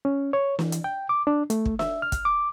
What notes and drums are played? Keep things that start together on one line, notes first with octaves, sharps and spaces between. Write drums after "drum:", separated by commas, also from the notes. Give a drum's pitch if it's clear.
C#4
C#5
E3, drum: snare
drum: hi-hat
G5
D6
D4
A3, drum: hi-hat
drum: kick
E5, drum: snare
F6
drum: kick, hi-hat
D6